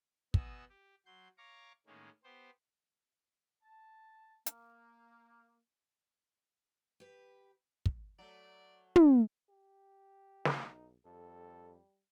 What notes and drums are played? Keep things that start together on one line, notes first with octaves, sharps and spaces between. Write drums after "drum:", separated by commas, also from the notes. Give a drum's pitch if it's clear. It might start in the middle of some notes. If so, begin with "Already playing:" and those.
B2 B3 D#5 F#5 G#5 E6, drum: kick
G4
F#3 C6 G6
C#5 F5 A#5 C#6 D6
A2 D#3 G#3 A#3 C#4
B3 G4 C5
A5
A#3, drum: hi-hat
G4 B4
drum: kick
F#3 A3 D5
drum: tom
G4
B1 D#4, drum: snare
F2 G3 A4